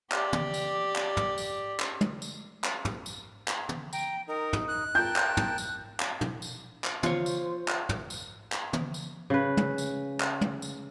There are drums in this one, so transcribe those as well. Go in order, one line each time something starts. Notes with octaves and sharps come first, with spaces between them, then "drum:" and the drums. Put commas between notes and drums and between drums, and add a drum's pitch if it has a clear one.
G4 D5, drum: clap
drum: tom
drum: tambourine
drum: clap
drum: tom
drum: tambourine
drum: clap
drum: tom
drum: tambourine
drum: clap
drum: tom
drum: tambourine
drum: clap
drum: tom
G5 A#5, drum: tambourine
D#4 A#4
drum: tom
F#6
A#4 G5 A5 G6
drum: clap
drum: tom
drum: tambourine
drum: clap
drum: tom
drum: tambourine
drum: clap
F4 C5 C#5, drum: tom
drum: tambourine
drum: clap
drum: tom
drum: tambourine
drum: clap
drum: tom
drum: tambourine
C#3 B4
drum: tom
drum: tambourine
drum: clap
drum: tom
drum: tambourine